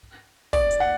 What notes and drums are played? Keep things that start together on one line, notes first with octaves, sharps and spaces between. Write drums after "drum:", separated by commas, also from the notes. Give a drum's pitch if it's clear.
D5, drum: kick, open hi-hat
drum: hi-hat
F#5